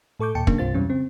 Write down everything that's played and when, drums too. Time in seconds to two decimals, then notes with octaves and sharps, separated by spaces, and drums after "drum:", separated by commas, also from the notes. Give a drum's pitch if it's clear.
0.20 A2 A4 C#6 D6 G6
0.35 D#2 A#2 G5 A5 C#7
0.47 C#3 F#3 A#3 D4, drum: kick
0.58 C2 G2 C3 F4 C5 A6
0.74 F2 B2 E3 F#3 G3 C#4
0.89 C#3 C4